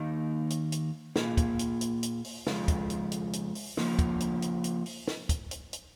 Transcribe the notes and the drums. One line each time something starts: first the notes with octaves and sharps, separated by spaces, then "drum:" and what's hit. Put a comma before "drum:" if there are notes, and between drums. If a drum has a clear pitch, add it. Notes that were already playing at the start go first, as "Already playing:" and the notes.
Already playing: D#2 D#3 A#3 D#4
drum: hi-hat
drum: hi-hat
A#2 A#3 F4 G#4, drum: snare
drum: kick, hi-hat
drum: hi-hat
drum: hi-hat
drum: hi-hat
drum: open hi-hat
F2 C#3 G#3 F4, drum: snare
drum: kick, hi-hat
drum: hi-hat
drum: hi-hat
drum: hi-hat
drum: open hi-hat
C#3 F3 A#3, drum: snare
drum: kick, hi-hat
drum: hi-hat
drum: hi-hat
drum: hi-hat
drum: open hi-hat
drum: snare
drum: kick, hi-hat
drum: hi-hat
drum: hi-hat